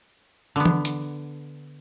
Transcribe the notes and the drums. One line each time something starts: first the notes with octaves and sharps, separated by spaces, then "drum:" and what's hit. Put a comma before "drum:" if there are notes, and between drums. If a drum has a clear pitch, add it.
D3 B3
drum: tom E3
drum: hi-hat